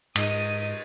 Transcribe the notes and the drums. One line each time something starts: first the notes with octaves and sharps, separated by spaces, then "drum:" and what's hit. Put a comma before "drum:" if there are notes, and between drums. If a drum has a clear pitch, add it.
G#2 D#5, drum: cymbal